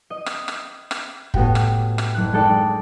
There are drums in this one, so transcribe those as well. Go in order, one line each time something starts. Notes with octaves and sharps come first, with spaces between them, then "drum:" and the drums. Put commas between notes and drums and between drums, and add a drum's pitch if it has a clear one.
D#5
drum: rim click
drum: rim click
drum: rim click
A2 B3 F#4 G4 G5, drum: kick
drum: rim click
drum: rim click
F#1 F#6
G#3 D4 D#4 A4 D5 G5